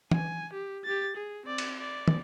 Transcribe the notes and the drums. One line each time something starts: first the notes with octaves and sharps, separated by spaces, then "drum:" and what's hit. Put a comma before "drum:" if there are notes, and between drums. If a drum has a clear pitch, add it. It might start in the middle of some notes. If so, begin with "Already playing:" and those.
G#5, drum: tom E3
G4
G4 A6
G#4
C4 D5
drum: cymbal
D5
drum: tom